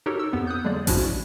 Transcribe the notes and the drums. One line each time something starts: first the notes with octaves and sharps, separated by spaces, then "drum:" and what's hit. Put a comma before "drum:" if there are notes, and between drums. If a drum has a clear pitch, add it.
D#4 F#4 G4 A4 A#4 C#5
E6
F2 B3
D#6 F#6 G6
D3 F#3 G#3 A#3 G#4 D5
F3 C#4 D4 E4 F#4, drum: kick A1, open hi-hat